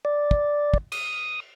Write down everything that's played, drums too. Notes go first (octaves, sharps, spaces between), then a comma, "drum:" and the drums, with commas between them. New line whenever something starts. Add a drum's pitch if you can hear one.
D5
drum: kick
drum: kick
D#6, drum: cymbal